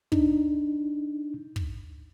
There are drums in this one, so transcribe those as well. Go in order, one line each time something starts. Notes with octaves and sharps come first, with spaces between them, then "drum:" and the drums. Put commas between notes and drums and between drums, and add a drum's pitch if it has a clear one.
D4 D#4, drum: kick
drum: kick